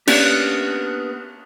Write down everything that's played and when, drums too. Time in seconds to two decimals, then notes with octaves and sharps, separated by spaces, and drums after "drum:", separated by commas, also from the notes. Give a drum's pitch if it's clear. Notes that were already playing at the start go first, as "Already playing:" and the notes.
0.07 A#3 B3 C#4 D4 G4, drum: cymbal